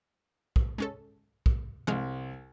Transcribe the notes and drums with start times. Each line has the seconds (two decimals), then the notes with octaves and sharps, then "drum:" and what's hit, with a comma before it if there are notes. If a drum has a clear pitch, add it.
0.56 drum: kick
0.78 G#3 C#4 A4
1.46 drum: kick
1.87 C2 G#3 F5